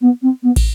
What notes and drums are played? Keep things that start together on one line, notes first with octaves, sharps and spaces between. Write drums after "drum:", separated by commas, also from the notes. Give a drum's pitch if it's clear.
B3
C4
B3
drum: kick, cymbal